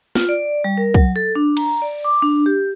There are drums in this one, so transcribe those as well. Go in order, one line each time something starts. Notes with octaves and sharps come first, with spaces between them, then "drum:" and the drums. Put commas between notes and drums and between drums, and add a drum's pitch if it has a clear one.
F4, drum: snare
D5
G3
A#4
F#3, drum: kick C2
A4
D4
A#5, drum: cymbal
D5
D6
D4
G4